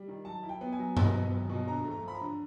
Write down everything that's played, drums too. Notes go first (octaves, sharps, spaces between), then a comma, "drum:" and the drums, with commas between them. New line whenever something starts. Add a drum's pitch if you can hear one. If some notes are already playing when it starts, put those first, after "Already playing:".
Already playing: G3
D#3
F#3 A5
E4
G5
B3
G#5
F#3
B2, drum: tom G2
B3
F#3
B2
D3 A#5
A3
A#5
F3 B5
A#5
D3